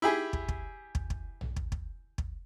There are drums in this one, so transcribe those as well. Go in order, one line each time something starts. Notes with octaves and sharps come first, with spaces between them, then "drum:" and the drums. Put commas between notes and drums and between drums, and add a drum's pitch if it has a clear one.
E4 G4 G#4
drum: kick
drum: kick
drum: kick
drum: kick
drum: tom A#1
drum: kick
drum: kick
drum: kick